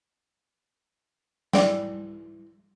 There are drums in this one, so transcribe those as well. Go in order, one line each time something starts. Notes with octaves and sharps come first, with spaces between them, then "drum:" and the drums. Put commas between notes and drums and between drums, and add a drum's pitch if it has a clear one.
E3 D5 G5, drum: snare